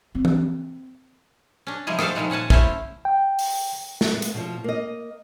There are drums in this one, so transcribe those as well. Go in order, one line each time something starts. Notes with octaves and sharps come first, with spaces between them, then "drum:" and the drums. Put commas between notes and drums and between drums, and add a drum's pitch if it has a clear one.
C4
drum: tom E3
C#4 D4
C3 F3 G3 G#3 G#4
F4 F#4 A4 C5 F5, drum: rim click
D#3 F3 G3 G#3 F#4
A#2 C#4 F#5 G#5 A5
A3 C#4 E4 C5 C#5, drum: kick
G5
drum: open hi-hat
drum: snare
G#3 B3
drum: hi-hat
B2 F3
A#3 D#5